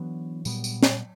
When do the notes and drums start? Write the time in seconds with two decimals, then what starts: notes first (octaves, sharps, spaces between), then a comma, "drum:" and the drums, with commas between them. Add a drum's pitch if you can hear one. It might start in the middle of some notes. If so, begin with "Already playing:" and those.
Already playing: E3 F#3 B3 D4
0.45 A#2 G3 B3, drum: tambourine
0.64 drum: tambourine
0.83 drum: snare